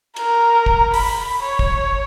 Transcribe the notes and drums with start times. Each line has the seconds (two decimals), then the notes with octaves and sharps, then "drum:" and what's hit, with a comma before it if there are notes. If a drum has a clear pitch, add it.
0.16 A#4, drum: cymbal
0.66 drum: kick
0.94 B5, drum: open hi-hat
1.42 C#5
1.59 drum: kick